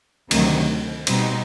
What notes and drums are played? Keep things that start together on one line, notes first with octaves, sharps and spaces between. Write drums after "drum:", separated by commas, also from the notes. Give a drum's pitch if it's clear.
D2 C3 D#3 F#3, drum: cymbal
B2 G3 C4 D#4, drum: cymbal